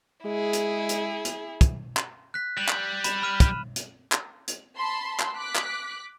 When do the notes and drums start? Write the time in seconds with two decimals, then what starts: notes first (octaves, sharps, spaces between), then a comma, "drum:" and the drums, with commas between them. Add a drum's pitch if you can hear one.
0.25 G#3 E4 G#4
0.53 drum: hi-hat
0.89 drum: hi-hat
1.25 drum: hi-hat
1.61 drum: kick, hi-hat
1.97 drum: clap
2.34 F#6 B6
2.58 G3 F#7
2.69 drum: clap
3.04 B5 E7, drum: hi-hat
3.22 B5 F6 D#7
3.40 drum: kick, hi-hat
3.76 drum: hi-hat
4.12 drum: clap
4.48 drum: hi-hat
4.78 A5 B5 C6
5.20 drum: clap
5.37 D6 F#6 B6
5.55 drum: clap